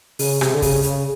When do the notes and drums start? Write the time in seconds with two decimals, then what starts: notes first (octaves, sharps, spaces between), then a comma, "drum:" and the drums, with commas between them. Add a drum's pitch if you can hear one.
0.19 C#3, drum: open hi-hat
0.41 C3, drum: rim click
0.54 D3
0.62 C#3, drum: kick, open hi-hat
0.83 C#3, drum: hi-hat